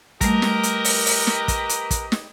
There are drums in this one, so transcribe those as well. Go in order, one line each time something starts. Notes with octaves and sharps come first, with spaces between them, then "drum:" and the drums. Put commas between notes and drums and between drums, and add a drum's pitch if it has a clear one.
G3 A3 G4 A#4 B4 D#5, drum: kick, hi-hat
drum: snare
drum: hi-hat
drum: open hi-hat
drum: open hi-hat
drum: snare
drum: kick, hi-hat
drum: hi-hat
drum: kick, hi-hat
drum: snare